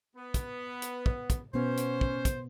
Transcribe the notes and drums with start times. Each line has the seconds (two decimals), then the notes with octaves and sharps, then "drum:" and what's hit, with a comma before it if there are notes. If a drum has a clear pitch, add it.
0.15 B3
0.34 drum: kick, hi-hat
0.82 drum: hi-hat
1.06 drum: kick
1.30 drum: kick, hi-hat
1.54 B2 B3 C#4 C5
1.77 drum: hi-hat
2.01 drum: kick
2.25 drum: kick, hi-hat